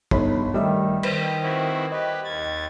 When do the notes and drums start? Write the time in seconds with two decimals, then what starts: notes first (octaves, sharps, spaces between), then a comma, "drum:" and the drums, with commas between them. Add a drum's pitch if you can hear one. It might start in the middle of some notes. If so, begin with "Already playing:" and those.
0.11 G1 D#4 B5, drum: kick
0.54 D#3 G3 A3 D#5 E5
1.03 D#3 B4 C5, drum: cymbal
1.42 C4 E4 F#4
1.92 G4 B4 D#5
2.24 D#2 G#6 A6